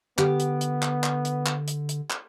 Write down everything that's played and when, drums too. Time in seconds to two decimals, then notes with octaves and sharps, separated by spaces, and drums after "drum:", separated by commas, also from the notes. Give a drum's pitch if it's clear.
0.18 D3 B3 G4, drum: clap
0.40 drum: hi-hat
0.61 drum: hi-hat
0.82 drum: clap
1.04 drum: clap
1.25 drum: hi-hat
1.46 drum: clap
1.68 drum: hi-hat
1.89 drum: hi-hat
2.10 drum: clap